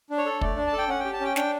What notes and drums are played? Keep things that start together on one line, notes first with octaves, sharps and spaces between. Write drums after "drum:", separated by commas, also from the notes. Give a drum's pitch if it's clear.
D4
C#5
A4
A3 D5, drum: kick
D4
A5
A4
G5
C#4 F#5
G4 G5
A5
C#4 G5
D4 G5, drum: snare